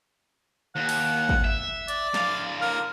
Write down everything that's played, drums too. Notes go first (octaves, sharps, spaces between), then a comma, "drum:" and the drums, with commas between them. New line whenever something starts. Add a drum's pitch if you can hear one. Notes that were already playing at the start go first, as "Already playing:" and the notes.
D#2 F#5
drum: open hi-hat
drum: kick
E5
D5, drum: hi-hat
D3 F5, drum: snare
A#4